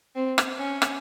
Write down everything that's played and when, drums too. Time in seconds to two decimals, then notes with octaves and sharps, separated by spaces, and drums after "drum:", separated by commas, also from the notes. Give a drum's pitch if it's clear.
0.15 C4
0.38 drum: rim click
0.60 C#4
0.82 drum: rim click